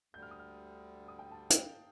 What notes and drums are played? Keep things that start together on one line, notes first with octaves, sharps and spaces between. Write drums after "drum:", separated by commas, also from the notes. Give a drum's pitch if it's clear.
D2 D3 G3 G6
F6
D#6
F6
D#6
G5
A5
G5, drum: hi-hat
F5